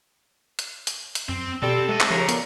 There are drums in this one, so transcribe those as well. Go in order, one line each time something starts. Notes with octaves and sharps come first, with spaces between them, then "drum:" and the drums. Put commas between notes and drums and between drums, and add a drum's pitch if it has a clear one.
drum: hi-hat
drum: hi-hat
drum: hi-hat
F#2 C4
B2 G3 C4 A4
C3 G#3 A3 D#5
drum: clap
D#2 C#3 F3 A#4
A#2 B3, drum: hi-hat